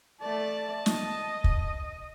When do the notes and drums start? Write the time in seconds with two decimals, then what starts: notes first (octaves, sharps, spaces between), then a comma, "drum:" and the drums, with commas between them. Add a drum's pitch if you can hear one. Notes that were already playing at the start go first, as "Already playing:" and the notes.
0.21 A3 D5 A5
0.86 D#5, drum: snare
1.44 drum: kick